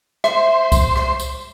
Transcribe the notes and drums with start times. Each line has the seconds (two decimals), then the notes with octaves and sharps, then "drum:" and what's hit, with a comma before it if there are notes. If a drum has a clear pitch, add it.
0.24 C5 E5, drum: rim click
0.72 drum: kick C2, tambourine
0.96 drum: rim click
1.20 drum: tambourine